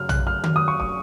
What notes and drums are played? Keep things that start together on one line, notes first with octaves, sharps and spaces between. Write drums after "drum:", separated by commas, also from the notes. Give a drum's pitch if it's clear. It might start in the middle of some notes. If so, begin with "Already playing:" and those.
Already playing: F#2 C#3 F#3 F6
F#6, drum: tom
F6
F6, drum: tom D#3
D#6
C#6
D#6, drum: kick